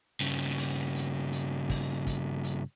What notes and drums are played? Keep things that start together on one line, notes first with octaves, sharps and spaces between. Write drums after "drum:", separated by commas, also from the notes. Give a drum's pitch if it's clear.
G2 C#3
drum: open hi-hat
drum: hi-hat
drum: hi-hat
drum: kick, open hi-hat
drum: kick, hi-hat
drum: hi-hat